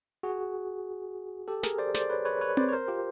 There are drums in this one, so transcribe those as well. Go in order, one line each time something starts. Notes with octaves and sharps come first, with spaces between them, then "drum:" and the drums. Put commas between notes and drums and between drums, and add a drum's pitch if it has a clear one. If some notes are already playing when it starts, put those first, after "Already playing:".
F#4 G#4
G4 A4
G#4 A#4, drum: snare
C5 D5
C5 D5, drum: snare
B4 C#5
B4 C#5
B4 C#5
C5 D5, drum: tom C4
C#5
A#4 C5
F4 G4